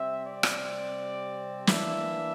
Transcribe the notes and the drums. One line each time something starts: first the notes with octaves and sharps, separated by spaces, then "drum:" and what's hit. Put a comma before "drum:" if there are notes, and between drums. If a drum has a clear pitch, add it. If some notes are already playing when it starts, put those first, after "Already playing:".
Already playing: C3 G3 C4 E5
D5
drum: rim click
E3 A#3 D4 E5, drum: snare